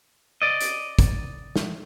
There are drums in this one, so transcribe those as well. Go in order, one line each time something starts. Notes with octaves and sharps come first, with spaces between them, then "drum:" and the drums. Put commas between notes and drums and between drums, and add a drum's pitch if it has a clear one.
D5 D#5
drum: hi-hat
drum: kick, hi-hat
drum: snare